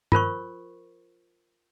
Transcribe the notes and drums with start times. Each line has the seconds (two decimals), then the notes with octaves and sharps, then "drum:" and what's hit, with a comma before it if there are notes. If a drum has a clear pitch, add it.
0.12 F4 A#4 C5 C#6, drum: tom G2